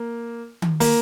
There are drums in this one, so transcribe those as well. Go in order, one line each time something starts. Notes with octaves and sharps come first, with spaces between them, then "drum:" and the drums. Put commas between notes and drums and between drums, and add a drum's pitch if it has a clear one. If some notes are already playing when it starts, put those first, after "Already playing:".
Already playing: A#3
drum: tom D#3
A#3, drum: open hi-hat